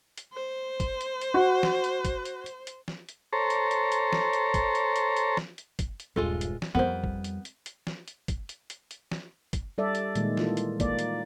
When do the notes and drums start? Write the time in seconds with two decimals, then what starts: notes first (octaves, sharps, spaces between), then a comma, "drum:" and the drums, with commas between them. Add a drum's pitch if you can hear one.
0.18 drum: hi-hat
0.33 C5
0.80 drum: kick, hi-hat
1.01 drum: hi-hat
1.21 drum: hi-hat
1.34 F#4
1.63 drum: snare
1.84 drum: hi-hat
2.05 drum: kick, hi-hat
2.25 drum: hi-hat
2.46 drum: hi-hat
2.67 drum: hi-hat
2.88 drum: snare
3.09 drum: hi-hat
3.33 A4 C5 C#5 A#5
3.50 drum: hi-hat
3.71 drum: hi-hat
3.92 drum: hi-hat
4.13 drum: snare
4.33 drum: hi-hat
4.54 drum: kick, hi-hat
4.75 drum: hi-hat
4.96 drum: hi-hat
5.16 drum: hi-hat
5.37 drum: snare
5.58 drum: hi-hat
5.79 drum: kick, hi-hat
6.00 drum: hi-hat
6.16 D#1 G2 G#3 F4 A4
6.41 drum: hi-hat
6.62 drum: snare
6.75 F2 G3 B3 A#4 C5
7.04 drum: kick
7.24 drum: hi-hat
7.45 drum: hi-hat
7.66 drum: hi-hat
7.87 drum: snare
8.08 drum: hi-hat
8.28 drum: kick, hi-hat
8.49 drum: hi-hat
8.70 drum: hi-hat
8.91 drum: hi-hat
9.12 drum: snare
9.53 drum: kick, hi-hat
9.78 G3 A4 D5 E5
9.95 drum: hi-hat
10.15 A#2 D#3 G#3, drum: hi-hat
10.37 E3 F4 A4, drum: snare
10.57 drum: hi-hat
10.80 A#3 D5, drum: kick, hi-hat
10.99 drum: hi-hat